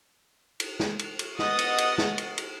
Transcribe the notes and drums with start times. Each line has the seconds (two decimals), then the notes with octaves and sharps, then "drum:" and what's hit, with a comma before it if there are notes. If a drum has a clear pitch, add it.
0.60 drum: cymbal
0.80 drum: snare
0.99 drum: cymbal
1.19 drum: cymbal
1.39 B3 D#5 F#5 D#6 A6, drum: snare
1.59 drum: cymbal
1.78 drum: cymbal
1.98 drum: snare
2.18 drum: cymbal
2.38 drum: cymbal